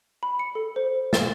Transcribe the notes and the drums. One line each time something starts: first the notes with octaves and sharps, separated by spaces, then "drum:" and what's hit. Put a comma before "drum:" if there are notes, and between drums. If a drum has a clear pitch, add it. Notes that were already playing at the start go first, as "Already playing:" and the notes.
B5
C#7
A4
C5
A6, drum: snare